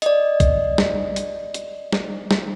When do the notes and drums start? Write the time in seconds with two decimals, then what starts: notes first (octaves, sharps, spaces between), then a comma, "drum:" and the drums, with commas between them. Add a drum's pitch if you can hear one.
0.02 D5 D#5, drum: hi-hat
0.40 drum: kick, hi-hat
0.78 drum: snare
1.16 drum: hi-hat
1.54 drum: hi-hat
1.93 drum: snare
2.31 drum: snare